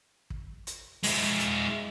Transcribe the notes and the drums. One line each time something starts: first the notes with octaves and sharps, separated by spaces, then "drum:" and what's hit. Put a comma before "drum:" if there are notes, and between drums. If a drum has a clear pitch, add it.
drum: kick
drum: hi-hat
G#3 E4, drum: open hi-hat
drum: hi-hat